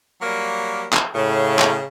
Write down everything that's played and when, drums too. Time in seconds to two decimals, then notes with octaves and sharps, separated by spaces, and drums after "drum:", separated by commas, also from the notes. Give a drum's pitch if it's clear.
0.21 F#3 G3 A#3
0.93 drum: clap
1.15 A2 C#3
1.59 drum: clap